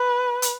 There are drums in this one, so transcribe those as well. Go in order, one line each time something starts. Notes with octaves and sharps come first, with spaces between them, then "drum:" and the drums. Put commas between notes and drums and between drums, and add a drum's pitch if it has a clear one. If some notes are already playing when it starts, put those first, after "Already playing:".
Already playing: B4
drum: hi-hat